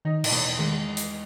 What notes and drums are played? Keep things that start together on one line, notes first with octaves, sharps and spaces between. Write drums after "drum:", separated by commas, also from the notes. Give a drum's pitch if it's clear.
D#3 D#4
A2, drum: cymbal
E2 B2
D#3 G#3
drum: hi-hat